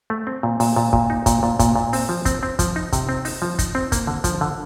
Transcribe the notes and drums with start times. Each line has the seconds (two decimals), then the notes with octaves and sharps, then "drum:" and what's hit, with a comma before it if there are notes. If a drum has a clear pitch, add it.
0.10 A3
0.27 C4
0.43 A#2
0.60 A#2, drum: open hi-hat
0.76 A#2
0.93 A#2, drum: kick
1.10 D#4
1.26 A#2, drum: kick, hi-hat
1.43 A#2
1.59 A#2, drum: kick, hi-hat
1.76 A#2
1.93 C4, drum: open hi-hat
2.09 F3
2.25 C4, drum: kick, hi-hat
2.43 C4
2.59 F3, drum: kick, hi-hat
2.76 D#4
2.93 C3, drum: kick, hi-hat
3.09 C4
3.25 D#4, drum: open hi-hat
3.42 F3
3.59 D#4, drum: kick, hi-hat
3.75 C4
3.92 A#3, drum: kick, hi-hat
4.07 D3
4.24 F3, drum: kick, hi-hat
4.41 D3